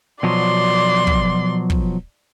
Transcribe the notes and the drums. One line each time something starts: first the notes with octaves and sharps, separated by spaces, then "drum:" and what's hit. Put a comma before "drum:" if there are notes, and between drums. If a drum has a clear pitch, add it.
B2 F3 F#3 D5 C6
drum: kick
drum: kick